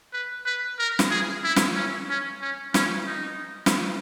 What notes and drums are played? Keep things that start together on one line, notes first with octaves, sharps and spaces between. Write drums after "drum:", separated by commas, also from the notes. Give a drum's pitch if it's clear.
B4
B4
A#4
drum: snare
G#4
E4
drum: snare
C#4
C#4
C#4
C#4, drum: snare
D#4
drum: snare